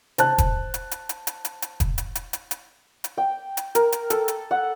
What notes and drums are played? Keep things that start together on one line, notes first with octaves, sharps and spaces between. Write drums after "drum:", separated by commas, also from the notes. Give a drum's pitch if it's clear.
C5 A5 F#6, drum: hi-hat
drum: kick, hi-hat
drum: hi-hat
drum: hi-hat
drum: hi-hat
drum: hi-hat
drum: hi-hat
drum: hi-hat
drum: kick, hi-hat
drum: hi-hat
drum: hi-hat
drum: hi-hat
drum: hi-hat
drum: hi-hat
G5
drum: hi-hat
A#4, drum: hi-hat
drum: hi-hat
A4, drum: hi-hat
drum: hi-hat
F#5